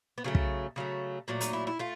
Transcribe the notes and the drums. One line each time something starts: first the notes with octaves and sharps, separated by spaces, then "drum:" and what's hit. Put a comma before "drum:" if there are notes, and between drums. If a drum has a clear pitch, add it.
B3
C#3 F#3 A3 C4
drum: kick
C#3 F#3 A3
A#2 F#3 A3
D#4, drum: hi-hat
E4
E4
A3 F4